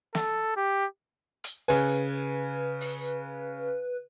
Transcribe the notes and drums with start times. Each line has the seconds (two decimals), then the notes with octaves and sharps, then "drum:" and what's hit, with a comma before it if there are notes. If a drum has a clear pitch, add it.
0.15 A4, drum: snare
0.56 G4
1.44 drum: hi-hat
1.68 C#3 B4 G#5, drum: open hi-hat
2.81 drum: open hi-hat